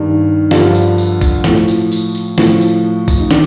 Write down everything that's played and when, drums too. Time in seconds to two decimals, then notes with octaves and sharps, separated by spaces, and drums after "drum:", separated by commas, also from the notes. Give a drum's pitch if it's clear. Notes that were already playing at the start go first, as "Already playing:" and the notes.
Already playing: G2 D#3
0.51 G2 D3 F3 F4, drum: snare
0.75 drum: tambourine
0.98 drum: tambourine
1.21 drum: kick A#1, tambourine
1.44 A2 F3, drum: snare
1.68 drum: tambourine
1.91 drum: tambourine
2.15 drum: tambourine
2.38 A2 F3, drum: snare
2.61 drum: tambourine
3.08 drum: kick A#1, tambourine
3.20 D#4
3.31 D#3 D4, drum: snare